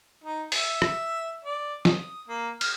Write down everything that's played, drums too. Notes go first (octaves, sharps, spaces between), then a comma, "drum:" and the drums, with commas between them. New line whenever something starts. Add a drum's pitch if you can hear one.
D#4
E5, drum: open hi-hat
drum: rim click
D5
D#6, drum: snare
A#3
F6, drum: cymbal